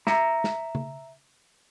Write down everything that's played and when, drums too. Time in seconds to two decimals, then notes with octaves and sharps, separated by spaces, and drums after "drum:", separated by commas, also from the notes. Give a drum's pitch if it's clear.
0.07 E5 A#5, drum: snare
0.44 drum: snare
0.75 drum: tom C#3